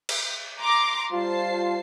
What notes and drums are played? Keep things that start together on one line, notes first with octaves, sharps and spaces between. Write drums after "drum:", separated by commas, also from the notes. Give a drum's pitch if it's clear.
drum: cymbal
A#5 C6 D6
G3 F4 C5 A5 C7